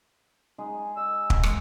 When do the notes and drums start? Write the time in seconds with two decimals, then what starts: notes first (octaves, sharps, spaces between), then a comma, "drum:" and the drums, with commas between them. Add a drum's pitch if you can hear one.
0.58 G#3 D#4 G#4
0.97 D#5 E6
1.30 drum: kick
1.43 G#3, drum: rim click